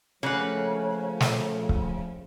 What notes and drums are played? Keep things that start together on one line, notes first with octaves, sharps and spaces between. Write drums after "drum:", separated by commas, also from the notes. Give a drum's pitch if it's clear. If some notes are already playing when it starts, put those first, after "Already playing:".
C#3 F3 A3 A#3 B4 C#5 F#5
drum: snare
drum: kick C#1